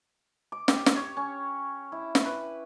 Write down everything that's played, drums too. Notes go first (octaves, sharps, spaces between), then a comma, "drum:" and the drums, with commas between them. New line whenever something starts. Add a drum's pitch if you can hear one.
D6
G4, drum: snare
drum: snare
C#5
C#4
E4
drum: snare
B4